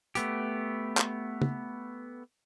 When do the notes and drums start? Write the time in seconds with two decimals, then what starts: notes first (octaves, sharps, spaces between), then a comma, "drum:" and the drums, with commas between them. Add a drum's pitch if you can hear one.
0.15 A3 B3 G4, drum: hi-hat
0.97 drum: clap
1.42 drum: tom